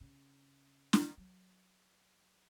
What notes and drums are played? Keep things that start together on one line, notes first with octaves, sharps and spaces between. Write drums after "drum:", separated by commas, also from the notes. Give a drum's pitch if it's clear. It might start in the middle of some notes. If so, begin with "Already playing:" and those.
C#3
drum: snare
F#3